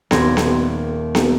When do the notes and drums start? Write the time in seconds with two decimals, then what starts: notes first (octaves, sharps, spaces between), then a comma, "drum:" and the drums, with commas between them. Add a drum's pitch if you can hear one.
0.11 D#1 D#2 B5 C6 G#6 A#6, drum: snare B3
0.37 drum: snare B3
1.15 drum: snare B3